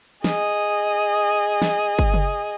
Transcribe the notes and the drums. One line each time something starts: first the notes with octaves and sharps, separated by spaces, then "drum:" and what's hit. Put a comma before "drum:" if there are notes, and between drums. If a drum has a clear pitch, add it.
G#4 D#5, drum: snare
drum: snare
drum: kick G1
drum: tom